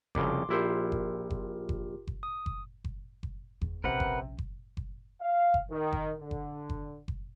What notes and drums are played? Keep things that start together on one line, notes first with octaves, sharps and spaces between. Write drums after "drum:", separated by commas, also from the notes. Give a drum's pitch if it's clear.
C2 F2 C#3 C6 D6, drum: kick F#1
A#1 E4 F4 G4 A#4 C5
drum: kick F#1
drum: kick F#1
drum: kick F#1
drum: kick F#1
D#6
drum: kick F#1
drum: kick F#1
drum: kick F#1
E2, drum: kick F#1
A#1 C3 C#4 A#4 B4 F#5
drum: kick F#1
drum: kick F#1
drum: kick F#1
F5
drum: kick F#1
D#3
drum: kick F#1
D3
drum: kick F#1
drum: kick F#1
drum: kick F#1